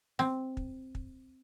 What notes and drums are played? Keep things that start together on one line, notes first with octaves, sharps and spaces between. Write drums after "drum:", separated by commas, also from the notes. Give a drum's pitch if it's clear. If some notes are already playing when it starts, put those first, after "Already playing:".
C4, drum: snare
drum: kick
drum: kick